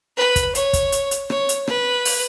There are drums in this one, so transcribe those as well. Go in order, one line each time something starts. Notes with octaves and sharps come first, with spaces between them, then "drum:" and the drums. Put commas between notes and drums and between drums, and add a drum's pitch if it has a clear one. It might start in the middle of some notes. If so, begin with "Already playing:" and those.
B4
drum: kick, hi-hat
C#5, drum: hi-hat
drum: kick, hi-hat
drum: hi-hat
drum: hi-hat
C#5, drum: rim click
drum: hi-hat
B4, drum: rim click
drum: open hi-hat